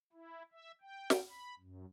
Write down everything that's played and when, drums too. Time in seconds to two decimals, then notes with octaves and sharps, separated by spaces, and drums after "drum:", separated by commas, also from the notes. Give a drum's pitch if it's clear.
0.13 E4
0.52 E5
0.82 G5
1.10 drum: snare
1.28 B5
1.59 F#2